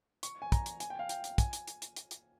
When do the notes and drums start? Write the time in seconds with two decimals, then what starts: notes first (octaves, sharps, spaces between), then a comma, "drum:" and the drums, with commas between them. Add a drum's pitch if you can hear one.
0.23 C#6, drum: hi-hat
0.42 G#5
0.52 A#5, drum: kick, hi-hat
0.66 drum: hi-hat
0.80 G#5, drum: hi-hat
0.90 G5
0.99 F5
1.09 G5, drum: hi-hat
1.24 drum: hi-hat
1.38 G#5, drum: kick, hi-hat
1.53 drum: hi-hat
1.67 drum: hi-hat
1.82 drum: hi-hat
1.96 drum: hi-hat
2.11 drum: hi-hat